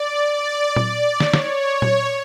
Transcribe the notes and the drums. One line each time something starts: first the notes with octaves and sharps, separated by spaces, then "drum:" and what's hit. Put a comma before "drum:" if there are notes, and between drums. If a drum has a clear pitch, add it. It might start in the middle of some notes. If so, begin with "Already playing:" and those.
Already playing: D5
D5
D5, drum: tom A#2
C#5, drum: snare
drum: snare
drum: tom A#2